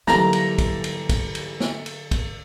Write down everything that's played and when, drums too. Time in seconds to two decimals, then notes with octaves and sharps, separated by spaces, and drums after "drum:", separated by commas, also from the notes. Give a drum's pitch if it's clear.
0.07 D3 E3 F#3 G3 A#3 C4 A#5, drum: snare
0.33 drum: cymbal
0.58 drum: kick, cymbal
0.84 drum: cymbal
1.09 drum: kick, cymbal
1.35 drum: cymbal
1.60 drum: snare
1.86 drum: cymbal
2.11 drum: kick, cymbal